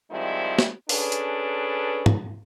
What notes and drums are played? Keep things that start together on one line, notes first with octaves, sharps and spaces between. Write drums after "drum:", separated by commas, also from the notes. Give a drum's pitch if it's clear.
D#3 F3 G3 G#3 C4 E4
drum: snare
C#4 D4 G#4 A4 B4, drum: open hi-hat
drum: hi-hat
drum: tom